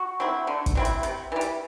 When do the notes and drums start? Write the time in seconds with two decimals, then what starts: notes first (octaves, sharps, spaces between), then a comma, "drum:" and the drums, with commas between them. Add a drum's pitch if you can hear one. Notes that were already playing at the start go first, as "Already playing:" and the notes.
Already playing: F#4
0.20 F#3 C4 E4
0.47 D3
0.66 drum: kick, hi-hat
0.75 F#3 C4 E4
0.85 drum: hi-hat
1.03 C3, drum: hi-hat
1.32 E3 G3
1.41 drum: hi-hat